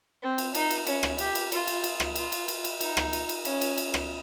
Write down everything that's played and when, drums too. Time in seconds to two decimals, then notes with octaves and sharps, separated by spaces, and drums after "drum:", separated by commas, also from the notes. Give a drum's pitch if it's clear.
0.22 C4
0.38 drum: cymbal
0.55 D#4, drum: cymbal
0.70 drum: cymbal
0.87 C#4, drum: cymbal
1.03 drum: rim click
1.18 G4, drum: cymbal
1.35 drum: cymbal
1.52 F4, drum: cymbal
1.67 drum: cymbal
1.84 drum: cymbal
2.00 drum: rim click
2.15 F4, drum: cymbal
2.32 drum: cymbal
2.48 drum: cymbal
2.64 drum: cymbal
2.81 D#4, drum: cymbal
2.97 drum: rim click
3.13 drum: cymbal
3.29 drum: cymbal
3.45 C#4, drum: cymbal
3.61 drum: cymbal
3.78 drum: cymbal
3.94 drum: rim click